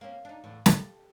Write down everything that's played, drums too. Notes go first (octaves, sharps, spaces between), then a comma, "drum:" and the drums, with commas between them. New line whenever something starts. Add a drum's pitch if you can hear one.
A#3 C4 C#4
D4 D#4
E2 A2 D3
G4 A4, drum: snare